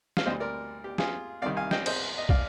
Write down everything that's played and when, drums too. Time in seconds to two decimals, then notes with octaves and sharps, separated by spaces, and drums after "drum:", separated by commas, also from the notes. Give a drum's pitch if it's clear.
0.17 F5, drum: snare
0.26 D2 D3 G3 C5 D#5
0.40 A#4 D5
0.84 G4
0.98 F4 G#4, drum: snare
1.42 C2 C3 D#3 G3 D5 F5
1.57 F5 G#5
1.71 D#5 G5, drum: snare
1.86 C5 D#5, drum: cymbal
2.18 D#5
2.29 D5 F5, drum: kick